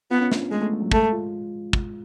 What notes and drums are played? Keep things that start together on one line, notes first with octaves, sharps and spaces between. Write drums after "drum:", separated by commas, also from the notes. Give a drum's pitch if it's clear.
B3 F4
C#4
D4, drum: snare
B3
G#3 A3
A3
G#3
F#3
G#3 A3, drum: kick
G#3
F4
drum: kick